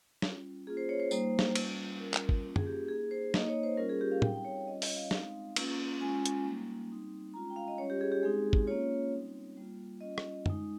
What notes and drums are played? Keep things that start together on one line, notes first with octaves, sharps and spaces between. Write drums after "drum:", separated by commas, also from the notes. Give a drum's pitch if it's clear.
G3 C#4 F4, drum: snare
A#3 C#4 F4 G#4
C5
C#5
C5
G3 A#3 D#4 C5, drum: tambourine
drum: snare
G3 C#4 F4, drum: cymbal
G3 C#4 F4 A#4
drum: clap
drum: kick
A#3 C#4 F4
G#4, drum: tom F#2
G4
A#3 D#4 G#4
C5
A#3 D#4 D#5, drum: snare
C#5
C5
G3 C#4 F4 A#4
G#4
G4
F5
G3 C4 D#4 G5, drum: tom
G5
C#5
C#5
G3 C#4 F4 D#5
D#5, drum: open hi-hat
F5
G#3 C4 D#4, drum: snare
A#3 C#4 F4, drum: cymbal
G#3 C#4 F4 G#5
drum: hi-hat
G3 A#3 D#4
G3 C4 D#4
G#3 C#4 F4 A#5
G5
F5
D#5
G3 C#4 F4 C#5
G4
G#4
G4
G#3 C4 D#4 G#4
drum: kick
A#3 C#4 F4 C#5
G3 C4 D#4
G3 A#3 F4
G3 C#4 F4 D#5
drum: rim click
G#3 D#4, drum: tom F#2